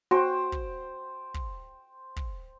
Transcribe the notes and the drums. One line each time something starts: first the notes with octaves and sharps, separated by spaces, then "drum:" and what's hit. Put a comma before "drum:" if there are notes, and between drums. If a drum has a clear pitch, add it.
F#4 C5 G5
drum: kick
drum: kick
drum: kick